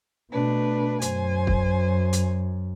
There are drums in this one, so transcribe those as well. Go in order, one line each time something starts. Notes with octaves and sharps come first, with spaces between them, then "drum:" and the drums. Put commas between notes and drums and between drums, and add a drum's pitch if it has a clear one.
B2 A3 D4 B4
F#2 C5 G#5, drum: hi-hat
drum: kick
drum: hi-hat